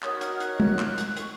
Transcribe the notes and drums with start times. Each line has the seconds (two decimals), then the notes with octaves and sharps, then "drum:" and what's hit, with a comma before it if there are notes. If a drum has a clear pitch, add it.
0.03 D#4 F#4 A#4 C#5 D#6, drum: clap
0.21 F6, drum: hi-hat
0.40 F#6, drum: hi-hat
0.60 F#6, drum: tom
0.79 drum: clap
0.98 drum: hi-hat
1.17 C#6, drum: hi-hat